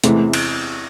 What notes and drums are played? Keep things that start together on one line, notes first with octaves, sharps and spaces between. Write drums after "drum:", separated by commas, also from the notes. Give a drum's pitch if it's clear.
E2 C3 E3 G#3 A3, drum: hi-hat
drum: cymbal